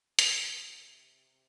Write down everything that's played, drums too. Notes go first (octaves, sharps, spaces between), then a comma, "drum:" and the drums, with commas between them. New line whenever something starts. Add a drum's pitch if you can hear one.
C3, drum: hi-hat